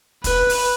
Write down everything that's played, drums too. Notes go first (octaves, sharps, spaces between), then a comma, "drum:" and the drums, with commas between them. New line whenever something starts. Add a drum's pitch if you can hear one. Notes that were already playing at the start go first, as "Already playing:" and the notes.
B4, drum: kick, hi-hat
drum: open hi-hat